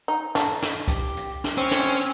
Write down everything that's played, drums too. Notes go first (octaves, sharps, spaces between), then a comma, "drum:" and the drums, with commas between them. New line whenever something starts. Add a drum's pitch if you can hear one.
D#4
D4, drum: snare
drum: snare
G4, drum: kick C2, hi-hat
drum: hi-hat
drum: snare
C4 C#4
drum: snare